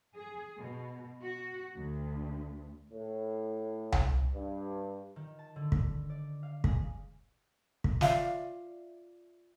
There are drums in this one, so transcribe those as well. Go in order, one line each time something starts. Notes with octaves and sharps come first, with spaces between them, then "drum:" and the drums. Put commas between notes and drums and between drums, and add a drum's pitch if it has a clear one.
G#4
B2
F#4
D2
A2
drum: tom C2
G2
D#3
A5
D3
drum: kick
D5
F5
G#4, drum: kick
drum: kick
F4 D5 E5 F5, drum: snare